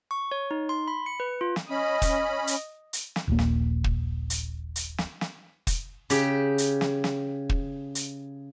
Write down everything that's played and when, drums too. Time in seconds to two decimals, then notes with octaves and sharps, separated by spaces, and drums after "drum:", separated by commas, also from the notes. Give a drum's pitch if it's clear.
0.11 C#6
0.32 C#5
0.51 D#4
0.69 C6
0.88 B5
1.06 C#7
1.20 B4
1.41 F4
1.56 drum: snare
1.70 C#4 D#5 B5
2.02 drum: kick, hi-hat
2.47 drum: hi-hat
2.93 drum: hi-hat
3.16 drum: snare
3.27 D#1 A#1 A#3
3.39 drum: snare
3.84 drum: kick
4.30 drum: hi-hat
4.76 drum: hi-hat
4.98 drum: snare
5.21 drum: snare
5.67 drum: kick, hi-hat
6.10 C#3 G4, drum: hi-hat
6.58 drum: hi-hat
6.81 drum: snare
7.04 drum: snare
7.49 drum: kick
7.95 drum: hi-hat